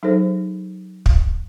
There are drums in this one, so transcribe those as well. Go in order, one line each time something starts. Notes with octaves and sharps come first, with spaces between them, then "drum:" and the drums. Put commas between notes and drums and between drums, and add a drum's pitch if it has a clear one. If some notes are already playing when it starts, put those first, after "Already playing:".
F#3 D#4 G#4 A4 C5
drum: kick